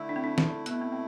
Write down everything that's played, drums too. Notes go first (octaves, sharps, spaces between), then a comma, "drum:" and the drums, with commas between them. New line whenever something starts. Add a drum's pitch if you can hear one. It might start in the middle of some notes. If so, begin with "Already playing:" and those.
Already playing: D3 A3 E4
D4
C4
D4
drum: snare
B2 A3 B3 E4, drum: hi-hat
C4
C4